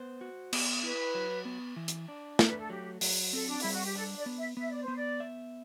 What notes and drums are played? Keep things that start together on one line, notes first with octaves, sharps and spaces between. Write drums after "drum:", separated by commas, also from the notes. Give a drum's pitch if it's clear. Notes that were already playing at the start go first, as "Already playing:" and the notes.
Already playing: B3 C5
F#4
B3, drum: cymbal
E4 B4
F#3
B3
E3
drum: hi-hat
D4
A3, drum: snare
B4
A4
F#3 G4
F#3, drum: open hi-hat
C4 A4
D4
G3 E4, drum: open hi-hat
F#4
G4
D4 A4
D5
B3
E5
B3 E5
D5
C5
B3
D5
E5